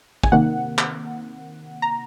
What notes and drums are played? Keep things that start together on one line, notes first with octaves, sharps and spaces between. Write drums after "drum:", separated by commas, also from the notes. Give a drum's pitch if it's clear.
G#5, drum: kick
C3 D#3 A#3 F#5
drum: clap
A#5